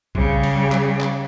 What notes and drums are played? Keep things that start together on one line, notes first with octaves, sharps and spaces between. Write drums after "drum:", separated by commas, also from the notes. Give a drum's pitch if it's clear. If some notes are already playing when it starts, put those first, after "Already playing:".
C#3 G3, drum: kick A#1
drum: cymbal
drum: clap
drum: clap